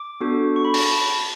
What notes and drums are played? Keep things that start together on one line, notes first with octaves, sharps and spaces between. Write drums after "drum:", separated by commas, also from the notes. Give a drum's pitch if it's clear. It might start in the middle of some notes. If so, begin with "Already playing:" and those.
Already playing: D6
B3 D4 F#4 A4
C#6
B5
A5, drum: open hi-hat
B5
A5